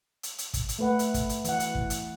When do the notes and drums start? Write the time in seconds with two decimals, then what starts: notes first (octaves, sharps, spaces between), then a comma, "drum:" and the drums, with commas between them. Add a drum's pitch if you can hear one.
0.23 drum: hi-hat
0.38 drum: hi-hat
0.54 drum: kick, hi-hat
0.69 drum: hi-hat
0.79 A3 B4 F#5
0.99 drum: hi-hat
1.14 drum: kick, hi-hat
1.29 drum: hi-hat
1.45 E3 F#5, drum: hi-hat
1.60 drum: hi-hat
1.75 drum: kick
1.90 drum: hi-hat